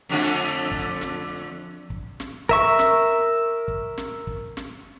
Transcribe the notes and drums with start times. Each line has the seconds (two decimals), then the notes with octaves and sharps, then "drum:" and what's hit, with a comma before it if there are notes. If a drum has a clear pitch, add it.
0.09 F2 D3 A3
0.72 drum: kick
1.01 drum: snare
1.90 drum: kick
2.20 drum: snare
2.49 A#4 E5 C#6, drum: kick
2.79 drum: snare
3.68 drum: kick
3.98 drum: snare
4.27 drum: kick
4.57 drum: snare